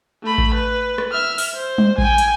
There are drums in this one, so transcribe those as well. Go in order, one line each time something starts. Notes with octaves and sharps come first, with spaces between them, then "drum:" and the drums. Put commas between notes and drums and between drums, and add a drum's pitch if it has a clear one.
A3 B5
drum: kick A1
B4
drum: rim click
E5 F6
drum: open hi-hat
C5
drum: tom G3
G5 G#5, drum: kick A1
drum: hi-hat